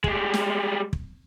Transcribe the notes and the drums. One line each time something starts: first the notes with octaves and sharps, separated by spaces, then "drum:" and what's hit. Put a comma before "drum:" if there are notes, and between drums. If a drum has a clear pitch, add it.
G3 G#3, drum: kick
drum: snare
drum: kick